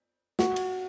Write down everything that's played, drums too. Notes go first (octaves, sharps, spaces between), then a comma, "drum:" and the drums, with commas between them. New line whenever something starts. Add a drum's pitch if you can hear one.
F#4, drum: snare
drum: cymbal